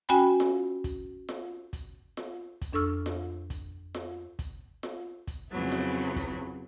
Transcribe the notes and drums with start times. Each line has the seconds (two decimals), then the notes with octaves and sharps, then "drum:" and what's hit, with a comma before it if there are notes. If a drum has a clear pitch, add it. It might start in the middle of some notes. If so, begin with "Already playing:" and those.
0.09 C#4 F#4 G5 G#5 B5
0.40 drum: snare F4
0.84 drum: kick, hi-hat
1.29 drum: snare F4
1.73 drum: kick, hi-hat
2.17 drum: snare F4
2.62 drum: kick, hi-hat
2.73 F2 D4 A4 C#6 E6 F6
3.06 drum: snare F4
3.50 drum: kick, hi-hat
3.94 drum: snare F4
4.39 drum: kick, hi-hat
4.83 drum: snare F4
5.27 drum: kick, hi-hat
5.50 F2 C#3 F#3 B3 E4
5.72 drum: snare F4
6.16 drum: kick, hi-hat